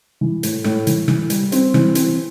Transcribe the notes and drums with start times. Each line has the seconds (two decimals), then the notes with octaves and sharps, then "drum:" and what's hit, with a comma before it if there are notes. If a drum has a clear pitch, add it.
0.21 E3
0.43 A2, drum: hi-hat
0.64 A2, drum: rim click
0.87 E3, drum: hi-hat
1.08 E3, drum: rim click
1.30 G3, drum: hi-hat
1.52 C4, drum: hi-hat
1.74 E3, drum: rim click
1.95 C4, drum: hi-hat